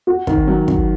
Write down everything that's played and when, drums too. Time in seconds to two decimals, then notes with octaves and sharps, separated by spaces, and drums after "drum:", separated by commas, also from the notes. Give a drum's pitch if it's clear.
0.07 F#4
0.27 D#3, drum: kick
0.47 F#3
0.68 F#3, drum: kick